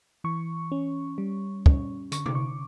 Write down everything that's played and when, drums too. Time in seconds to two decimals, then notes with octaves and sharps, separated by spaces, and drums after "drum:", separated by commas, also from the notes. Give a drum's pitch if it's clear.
0.24 E3 C#6
0.72 C#4
1.18 G3
1.66 C#4, drum: kick
2.12 D3 C#6, drum: hi-hat
2.26 D6, drum: tom C3
2.35 C#6